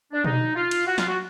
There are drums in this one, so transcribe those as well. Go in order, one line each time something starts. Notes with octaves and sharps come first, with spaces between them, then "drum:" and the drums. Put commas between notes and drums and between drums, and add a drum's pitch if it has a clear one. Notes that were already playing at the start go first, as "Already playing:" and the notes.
D4
D#4, drum: tom B2
F4
drum: cymbal
F#4
F4, drum: snare
F#4